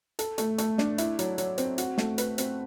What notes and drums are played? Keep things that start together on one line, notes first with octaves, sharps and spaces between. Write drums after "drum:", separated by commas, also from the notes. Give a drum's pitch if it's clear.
A4, drum: hi-hat
A3, drum: hi-hat
A3, drum: hi-hat
D4, drum: snare
E4, drum: hi-hat
F#3, drum: hi-hat
F#3, drum: hi-hat
C4, drum: hi-hat
F#4, drum: hi-hat
A3, drum: snare
B4, drum: hi-hat
C4, drum: hi-hat